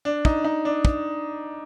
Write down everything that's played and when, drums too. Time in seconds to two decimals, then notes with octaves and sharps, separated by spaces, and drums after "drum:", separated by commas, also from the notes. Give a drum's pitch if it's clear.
0.05 D4
0.25 D#4, drum: kick
0.44 D#4
0.65 D4
0.85 drum: kick